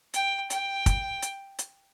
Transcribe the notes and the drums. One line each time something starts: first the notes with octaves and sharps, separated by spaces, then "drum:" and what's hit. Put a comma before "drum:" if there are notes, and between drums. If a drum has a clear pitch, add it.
G5, drum: hi-hat
G5, drum: hi-hat
drum: kick, hi-hat
drum: hi-hat
drum: hi-hat